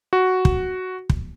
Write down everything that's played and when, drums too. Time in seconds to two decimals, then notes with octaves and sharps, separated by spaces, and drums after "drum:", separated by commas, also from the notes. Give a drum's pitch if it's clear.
0.13 F#4
0.45 drum: kick
1.10 drum: kick